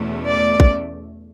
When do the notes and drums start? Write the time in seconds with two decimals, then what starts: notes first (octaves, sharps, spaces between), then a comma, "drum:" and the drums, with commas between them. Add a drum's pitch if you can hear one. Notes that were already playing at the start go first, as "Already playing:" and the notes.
Already playing: E2 B2 A3 C#4
0.28 D5
0.60 drum: kick